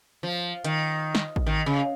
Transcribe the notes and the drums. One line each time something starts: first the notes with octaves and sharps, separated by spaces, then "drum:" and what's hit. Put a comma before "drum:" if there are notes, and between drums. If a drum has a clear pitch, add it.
F3
D#3, drum: hi-hat
drum: snare
drum: kick A1
D#3
C#3